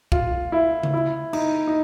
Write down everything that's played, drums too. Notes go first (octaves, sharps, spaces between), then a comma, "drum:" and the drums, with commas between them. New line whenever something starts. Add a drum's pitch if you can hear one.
F4, drum: kick
E4
drum: tom C#3
E4
D#4, drum: cymbal
D#4